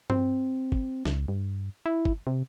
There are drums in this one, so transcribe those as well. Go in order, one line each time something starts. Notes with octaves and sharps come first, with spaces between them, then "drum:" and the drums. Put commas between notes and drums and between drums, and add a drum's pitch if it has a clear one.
C4, drum: tom G2
drum: kick
C#2, drum: snare
G2
E4
drum: kick
C3